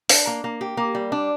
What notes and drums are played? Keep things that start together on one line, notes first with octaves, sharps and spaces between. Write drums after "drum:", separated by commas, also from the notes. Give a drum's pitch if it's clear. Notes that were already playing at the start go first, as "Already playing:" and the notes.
D4, drum: open hi-hat
A#3
A#3
G4
A#3
G3
D4